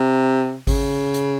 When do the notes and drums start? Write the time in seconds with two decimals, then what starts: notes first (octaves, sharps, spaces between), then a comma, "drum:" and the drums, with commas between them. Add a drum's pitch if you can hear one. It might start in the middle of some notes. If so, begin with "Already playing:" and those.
Already playing: C3
0.67 C#3, drum: kick G#1, open hi-hat
1.14 drum: hi-hat